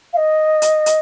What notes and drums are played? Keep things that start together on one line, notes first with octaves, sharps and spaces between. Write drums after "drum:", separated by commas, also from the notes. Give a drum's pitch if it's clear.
F5
D#5
drum: hi-hat
drum: hi-hat